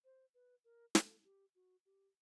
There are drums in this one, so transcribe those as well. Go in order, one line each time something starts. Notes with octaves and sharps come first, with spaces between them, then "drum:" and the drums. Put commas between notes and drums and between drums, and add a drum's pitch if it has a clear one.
C5
B4
A#4
A4, drum: snare
G4
F#4
G4